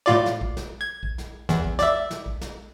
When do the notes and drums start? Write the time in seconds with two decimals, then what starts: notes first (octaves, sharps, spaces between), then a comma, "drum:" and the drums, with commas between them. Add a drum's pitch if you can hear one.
0.06 A2 F4 D5
0.26 drum: snare
0.41 drum: kick A#1
0.57 drum: snare
0.81 G#6
1.03 drum: kick A#1
1.18 drum: snare
1.49 E2, drum: snare
1.64 drum: kick A#1
1.79 D5 E5, drum: snare
2.11 drum: snare
2.26 drum: kick A#1
2.41 drum: snare